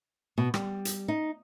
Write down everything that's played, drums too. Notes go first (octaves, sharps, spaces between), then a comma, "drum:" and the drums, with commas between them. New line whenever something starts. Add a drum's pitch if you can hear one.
B2
G3, drum: rim click
drum: hi-hat
D#4